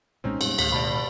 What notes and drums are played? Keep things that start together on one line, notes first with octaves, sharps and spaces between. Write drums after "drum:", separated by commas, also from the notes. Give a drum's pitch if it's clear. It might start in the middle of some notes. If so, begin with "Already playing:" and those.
B1 A#2 G#3 C4 C#4 D#4
F#2 A#2 G3, drum: cymbal
D2 A2 D#3 F5 B6, drum: cymbal
B2 D5 A5 B5